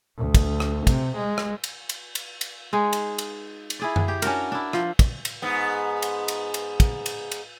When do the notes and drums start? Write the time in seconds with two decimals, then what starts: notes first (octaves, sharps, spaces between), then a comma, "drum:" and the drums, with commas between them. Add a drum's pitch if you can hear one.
0.18 D2
0.35 drum: kick, cymbal
0.60 drum: rim click
0.87 C3, drum: kick, cymbal
1.17 G#3
1.38 drum: rim click
1.64 drum: cymbal
1.89 drum: cymbal
2.15 drum: cymbal
2.41 drum: cymbal
2.73 G#3 D#4 G#4
2.93 drum: cymbal
3.18 drum: cymbal
3.70 drum: cymbal
3.79 E4 G#4 D5
3.96 drum: tom F#2
4.08 G4
4.22 C#4 D4 F#4 A#4, drum: cymbal
4.52 D4 E4
4.73 F3, drum: rim click
4.99 drum: kick, cymbal
5.25 drum: cymbal
5.42 G#2 B3
6.02 drum: cymbal
6.28 drum: cymbal
6.54 drum: cymbal
6.80 drum: kick, cymbal
7.06 drum: cymbal
7.32 drum: cymbal